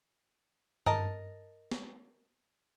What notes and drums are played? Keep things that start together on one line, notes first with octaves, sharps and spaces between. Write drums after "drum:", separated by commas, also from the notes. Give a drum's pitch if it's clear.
A#4 D#5 A5, drum: tom G2
drum: snare